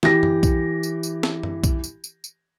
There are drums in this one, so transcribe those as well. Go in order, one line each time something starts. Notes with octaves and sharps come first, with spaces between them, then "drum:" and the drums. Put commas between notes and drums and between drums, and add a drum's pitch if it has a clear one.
E3 G4 A#6, drum: snare
drum: tom F#2
drum: kick B1, tambourine
drum: tambourine
drum: tambourine
drum: snare
drum: tom F#2
drum: kick B1, tambourine
drum: tambourine
drum: tambourine
drum: tambourine